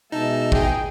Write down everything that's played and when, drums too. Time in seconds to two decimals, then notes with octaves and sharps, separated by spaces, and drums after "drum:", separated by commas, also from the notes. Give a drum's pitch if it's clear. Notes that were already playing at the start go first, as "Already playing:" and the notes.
0.12 B2 G#3 D#4 E5 A5
0.52 G#4 G5, drum: kick